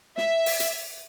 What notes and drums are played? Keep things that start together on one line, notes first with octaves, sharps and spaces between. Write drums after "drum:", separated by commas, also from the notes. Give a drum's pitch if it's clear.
E5, drum: snare
drum: open hi-hat
drum: hi-hat